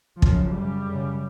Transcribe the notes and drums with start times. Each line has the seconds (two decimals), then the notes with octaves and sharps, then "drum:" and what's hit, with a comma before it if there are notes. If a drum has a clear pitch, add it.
0.22 F#2 C#3 F3, drum: kick
0.53 F#2 C#3 G3
0.85 F#2 C#3